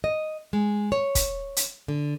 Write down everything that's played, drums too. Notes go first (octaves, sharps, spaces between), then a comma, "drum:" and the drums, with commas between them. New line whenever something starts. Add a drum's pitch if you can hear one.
D#5
G#3
C#5
drum: kick, hi-hat
drum: hi-hat
D3